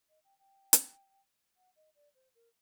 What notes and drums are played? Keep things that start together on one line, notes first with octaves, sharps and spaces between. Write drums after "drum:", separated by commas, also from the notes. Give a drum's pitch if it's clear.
D#5
G5
G5
drum: hi-hat
F#5
D#5
D5
C5
A#4